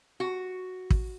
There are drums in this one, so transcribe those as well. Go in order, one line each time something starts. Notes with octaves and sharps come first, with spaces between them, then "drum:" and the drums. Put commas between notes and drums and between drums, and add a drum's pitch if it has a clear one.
F#4
drum: kick